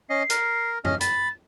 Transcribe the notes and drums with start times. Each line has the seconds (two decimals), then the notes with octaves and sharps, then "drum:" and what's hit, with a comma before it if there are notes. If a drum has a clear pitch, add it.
0.10 C#4 D#5 C7
0.30 A#4, drum: hi-hat
0.85 C#4 D#5 F6, drum: tom F2
1.01 B5 A6, drum: hi-hat